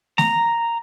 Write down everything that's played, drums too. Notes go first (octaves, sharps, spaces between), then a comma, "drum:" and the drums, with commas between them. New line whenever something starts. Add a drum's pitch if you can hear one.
A#5, drum: snare A3